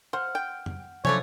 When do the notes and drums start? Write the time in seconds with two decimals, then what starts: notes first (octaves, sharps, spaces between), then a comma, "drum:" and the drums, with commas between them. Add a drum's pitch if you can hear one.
0.13 C5 F#5 F6
0.35 G5
0.66 drum: tom F2
1.05 D3 F3 F#3 A3 C#4 C#5, drum: tom